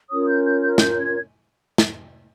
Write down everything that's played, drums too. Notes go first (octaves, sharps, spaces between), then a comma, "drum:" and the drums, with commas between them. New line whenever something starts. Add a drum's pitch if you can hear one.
C#4 F4 A#4 C#5 D#6
G6
G6
G6
F6
G6, drum: snare
G#6
drum: snare